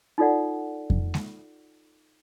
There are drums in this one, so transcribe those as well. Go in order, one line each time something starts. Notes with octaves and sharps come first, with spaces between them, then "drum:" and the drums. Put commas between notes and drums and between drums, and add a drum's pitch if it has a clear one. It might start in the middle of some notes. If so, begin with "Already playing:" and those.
D#4 F4 A4 D5 F#5
drum: kick F2
drum: snare G#3